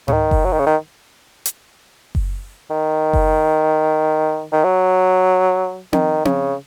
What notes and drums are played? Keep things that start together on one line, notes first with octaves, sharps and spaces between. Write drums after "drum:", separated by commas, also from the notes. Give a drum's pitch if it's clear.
C#3, drum: tom G#2
D#3
drum: kick F#1
F#3
D#3
C#3
D#3
drum: hi-hat
drum: kick F#1
D#3
drum: kick F#1
D#3
F#3
D#3, drum: tom C4
C#3, drum: tom C4